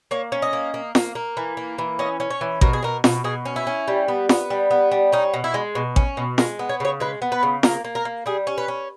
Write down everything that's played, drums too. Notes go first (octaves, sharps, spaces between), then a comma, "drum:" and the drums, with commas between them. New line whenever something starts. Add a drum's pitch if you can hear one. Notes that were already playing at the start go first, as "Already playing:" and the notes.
A#3 C#5
C#4
D#5
A#3
A#3
A#3, drum: snare
A#3
E3
A#3
E3
C#4 D#5
C#4
C#5
E3
B2 A#4, drum: kick A1
G#4
B2 A#4
B2, drum: snare
B2 G#4
C#4
E4
C#4
G3
B3
B3, drum: snare
G3
B3
G3
C#4 D#4
B2
E4
G#3
B2
C#4, drum: kick A1
B2
G#3 A#4, drum: snare
B3
C#5
C#3 C#5
G#3 B4
B3
B4
C#3
A#3 A#4, drum: snare
A#3
A#4
A#3
G3 G#4
C#4
B4
C#4